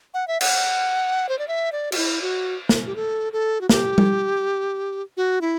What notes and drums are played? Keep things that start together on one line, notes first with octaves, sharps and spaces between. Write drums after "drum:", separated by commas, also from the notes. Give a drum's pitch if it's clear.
F#5
E5
F#5, drum: cymbal
C5
D5
E5
D5
F#4, drum: cymbal
E4
F#4
drum: snare
G4
A4
A4
F#4
G4, drum: snare
drum: tom G3
F#4
E4